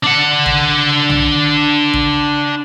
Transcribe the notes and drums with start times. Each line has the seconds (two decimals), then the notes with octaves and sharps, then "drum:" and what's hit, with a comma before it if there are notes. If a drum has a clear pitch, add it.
0.04 D4 F#5
0.46 drum: kick A1
1.09 drum: tom B1
1.94 drum: kick A1